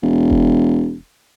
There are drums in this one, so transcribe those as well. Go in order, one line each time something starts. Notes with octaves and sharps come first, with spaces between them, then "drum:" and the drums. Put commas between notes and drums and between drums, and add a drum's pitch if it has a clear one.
E1
drum: kick F1